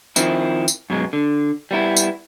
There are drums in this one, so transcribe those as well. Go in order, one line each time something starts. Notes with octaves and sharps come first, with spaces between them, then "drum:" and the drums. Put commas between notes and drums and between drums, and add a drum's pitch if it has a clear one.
D#3 F3 C4 E4, drum: tambourine
drum: tambourine
F#2 B2 G#3
D3
G3 B3 E4
drum: tambourine